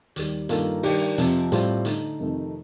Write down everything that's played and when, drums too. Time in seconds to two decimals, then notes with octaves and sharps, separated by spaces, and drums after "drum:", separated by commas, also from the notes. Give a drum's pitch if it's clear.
0.16 D#2 D#3 G3, drum: hi-hat
0.49 G2 D#3 A#3 F4 A4, drum: hi-hat
0.83 D#3 G3 D4 G4, drum: open hi-hat
1.18 F2 C3 F3, drum: hi-hat
1.52 A2 G3 C4 F4, drum: hi-hat
1.85 D3 A3 D#4, drum: hi-hat
2.19 F2 C3 D#3 A3 D#4